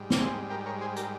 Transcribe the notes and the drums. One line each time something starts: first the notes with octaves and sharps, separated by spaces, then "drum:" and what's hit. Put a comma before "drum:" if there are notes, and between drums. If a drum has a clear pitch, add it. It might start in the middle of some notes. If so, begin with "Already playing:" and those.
Already playing: G#2 G3
drum: snare
G#4 C5
G4 A#4
A#4 C#5
G#4 C5
G4 A#4, drum: hi-hat